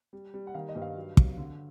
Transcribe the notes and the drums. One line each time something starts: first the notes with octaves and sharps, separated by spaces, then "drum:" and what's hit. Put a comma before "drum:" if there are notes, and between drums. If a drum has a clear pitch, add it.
G3
G3
F#5
D#3 F5
D#5
G2
F5
F#3
F#3, drum: kick
D3